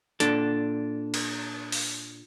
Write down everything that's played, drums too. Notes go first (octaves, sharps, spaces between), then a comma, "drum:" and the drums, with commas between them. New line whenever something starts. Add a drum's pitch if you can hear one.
A#2 D4 A4, drum: hi-hat
drum: cymbal
drum: open hi-hat